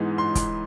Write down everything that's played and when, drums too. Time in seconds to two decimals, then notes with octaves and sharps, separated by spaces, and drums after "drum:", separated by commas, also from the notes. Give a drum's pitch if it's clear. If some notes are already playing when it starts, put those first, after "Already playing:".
Already playing: G#2 E3 G#3 B3 D#4
0.18 C6
0.35 drum: kick, hi-hat